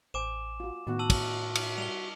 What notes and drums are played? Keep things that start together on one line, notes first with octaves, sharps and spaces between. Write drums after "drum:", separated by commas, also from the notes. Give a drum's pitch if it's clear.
A1 C5 G#5 D6 E7
F4 F#4
A2 D#3 B3 F#4
A5 E6 F#7
drum: kick, cymbal
drum: cymbal
G3 F7 G7